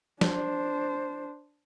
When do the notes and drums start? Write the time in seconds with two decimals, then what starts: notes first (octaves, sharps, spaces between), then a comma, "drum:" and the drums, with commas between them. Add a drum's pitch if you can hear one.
0.21 D4 C5, drum: snare